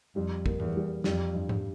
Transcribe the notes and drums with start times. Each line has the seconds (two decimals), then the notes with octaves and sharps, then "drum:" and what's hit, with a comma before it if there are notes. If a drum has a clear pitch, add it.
0.15 F2 G3
0.46 A#3, drum: kick
0.60 E2, drum: tom G#2
0.76 G3
1.04 F2 G3, drum: snare
1.35 G2
1.49 drum: tom G#2